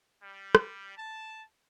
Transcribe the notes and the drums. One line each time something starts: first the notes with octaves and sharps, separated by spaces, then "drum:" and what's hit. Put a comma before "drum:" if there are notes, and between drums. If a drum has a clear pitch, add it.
G3
drum: rim click
A5